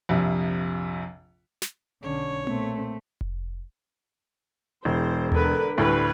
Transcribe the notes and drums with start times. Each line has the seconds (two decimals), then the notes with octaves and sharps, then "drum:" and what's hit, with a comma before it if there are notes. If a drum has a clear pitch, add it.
0.09 A#1 F2 C3
1.62 drum: snare
2.03 B1 D3 C#4 C#5
2.47 A#2 A3 C4, drum: tom B3
3.21 drum: kick F1
4.85 E1 E2 C5
5.32 D3 A#4 B4, drum: tom D#2
5.78 D2 A2 G3 B4